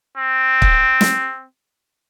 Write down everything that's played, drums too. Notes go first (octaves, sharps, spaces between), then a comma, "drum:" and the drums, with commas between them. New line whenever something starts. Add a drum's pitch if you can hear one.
C4
drum: kick
drum: snare